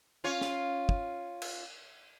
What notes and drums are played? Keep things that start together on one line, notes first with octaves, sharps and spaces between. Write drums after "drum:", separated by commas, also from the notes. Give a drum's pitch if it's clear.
C#4 F4 C#5
drum: snare
drum: kick
drum: cymbal